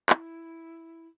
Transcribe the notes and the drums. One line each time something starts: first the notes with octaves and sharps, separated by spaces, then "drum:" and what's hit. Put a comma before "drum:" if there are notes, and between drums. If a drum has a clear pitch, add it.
E4, drum: clap